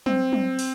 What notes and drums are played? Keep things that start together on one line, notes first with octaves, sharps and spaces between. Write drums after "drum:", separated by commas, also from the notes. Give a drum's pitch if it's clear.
C4, drum: tom F#3
drum: tom F#3
drum: open hi-hat